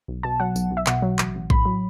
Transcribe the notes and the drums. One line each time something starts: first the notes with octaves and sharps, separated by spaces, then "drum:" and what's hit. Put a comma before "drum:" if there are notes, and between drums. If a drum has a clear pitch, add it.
B1
B2 A5
F#3 F#5
B1, drum: tambourine
B1
E5
B2 F#5, drum: clap
F#3
A1, drum: clap
A1
A2 B5, drum: kick A#1
F#3